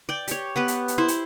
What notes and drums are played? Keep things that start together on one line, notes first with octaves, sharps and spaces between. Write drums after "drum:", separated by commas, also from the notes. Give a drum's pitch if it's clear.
D5 G5
G4 C#5, drum: hi-hat
B3 G4 B4
drum: hi-hat
drum: hi-hat
E4 C5
drum: hi-hat